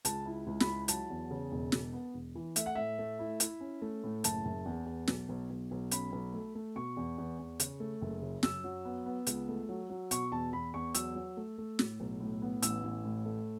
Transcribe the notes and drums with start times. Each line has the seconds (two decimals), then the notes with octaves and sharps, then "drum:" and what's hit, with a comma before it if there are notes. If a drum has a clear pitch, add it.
0.05 C#2 A5, drum: hi-hat
0.26 E4
0.47 C#2
0.60 B5, drum: snare
0.67 E4
0.88 F#3 A5, drum: hi-hat
1.10 E2
1.31 C#3
1.52 E1
1.72 E1, drum: snare
1.93 B3
2.14 E1
2.35 E3
2.56 A3 E5, drum: hi-hat
2.66 F#5
2.75 A2 E5
2.99 A3
3.19 E4
3.40 E4, drum: hi-hat
3.60 C#4
3.82 A3
4.04 A2
4.24 F#1 A5, drum: hi-hat
4.45 F#1
4.66 E2
4.86 E2
5.08 B1, drum: snare
5.29 B1
5.50 B1
5.71 B1
5.91 C#4 B5, drum: hi-hat
6.12 B1
6.34 A3
6.55 A3
6.75 B2 C#6
6.97 E2
7.18 E2
7.39 E2
7.60 C#3, drum: hi-hat
7.80 A3
8.01 F#1
8.22 C#3
8.43 F#2 E6, drum: snare
8.64 F#3
8.85 B3
9.06 B3
9.27 C#2, drum: hi-hat
9.49 A3
9.69 F#3
9.90 F#3
10.11 B2 C#6, drum: hi-hat
10.32 E2 A5
10.52 E2 B5
10.74 E2 C#6
10.94 F#3 E6, drum: hi-hat
11.15 F#3
11.37 A3
11.58 A3
11.79 A2, drum: snare
12.00 B1
12.20 A2
12.42 B3
12.62 A1 E6, drum: hi-hat
12.84 A1
13.05 A2
13.25 A3